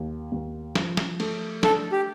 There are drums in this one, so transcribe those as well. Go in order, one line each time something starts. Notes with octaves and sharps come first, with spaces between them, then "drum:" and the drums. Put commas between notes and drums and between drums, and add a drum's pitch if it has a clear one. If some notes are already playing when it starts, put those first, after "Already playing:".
Already playing: D#2
D#2
F3, drum: snare
drum: snare
A3, drum: cymbal
D4 A4, drum: snare
G4